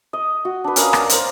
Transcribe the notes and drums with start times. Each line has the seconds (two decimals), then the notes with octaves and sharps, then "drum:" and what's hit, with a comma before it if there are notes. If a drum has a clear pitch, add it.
0.13 D#5
0.45 F#4
0.64 D4 B4
0.76 C#4 A#4 D#5 F5, drum: hi-hat
0.93 D5, drum: rim click
1.09 A#4 C5 D#5, drum: hi-hat